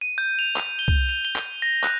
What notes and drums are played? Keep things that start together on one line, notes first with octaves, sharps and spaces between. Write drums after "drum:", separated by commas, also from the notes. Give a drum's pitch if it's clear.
D#7
G6
F7
drum: clap
G7
drum: kick
F7
G7
drum: clap
A#6
F#6, drum: clap